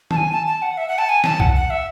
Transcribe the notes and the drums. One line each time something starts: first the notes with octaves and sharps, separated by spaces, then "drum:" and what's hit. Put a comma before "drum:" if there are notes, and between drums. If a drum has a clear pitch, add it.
A5, drum: tom
G#5
A5
A5
F#5
E5
F#5
A5
G#5
A5, drum: snare
F#5, drum: kick
F#5
E5